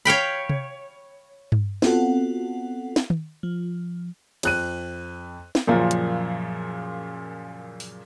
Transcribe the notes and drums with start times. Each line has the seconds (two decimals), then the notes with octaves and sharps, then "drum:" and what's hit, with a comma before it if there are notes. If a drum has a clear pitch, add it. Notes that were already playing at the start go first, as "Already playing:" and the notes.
0.05 C#5 F5 G5 B5
0.49 drum: tom C3
1.52 drum: tom G2
1.82 B3 C4 F4 F#4 A4 F#5, drum: snare
2.96 drum: snare
3.10 drum: tom
3.43 F3
4.43 F2 F#6 D#7, drum: cymbal
5.55 drum: snare
5.67 F#2 A#2 C#3 F3
5.91 drum: hi-hat
7.80 drum: open hi-hat